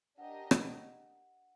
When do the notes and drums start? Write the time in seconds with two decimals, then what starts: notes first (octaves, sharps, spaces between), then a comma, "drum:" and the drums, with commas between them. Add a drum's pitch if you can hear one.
0.18 D4 G4 A#4 D#5 F#5
0.51 drum: rim click